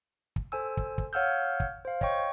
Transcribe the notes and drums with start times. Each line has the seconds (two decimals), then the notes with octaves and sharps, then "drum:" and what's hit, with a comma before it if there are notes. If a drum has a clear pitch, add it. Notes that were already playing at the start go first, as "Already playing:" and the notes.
0.36 drum: kick
0.52 A4 C5 G#5 E6
0.77 drum: kick
0.98 drum: kick
1.13 C#5 F5 F#5 E6 F6 G6
1.60 drum: kick
1.85 C5 F5
2.01 C#5 D#5 G5 C#6, drum: kick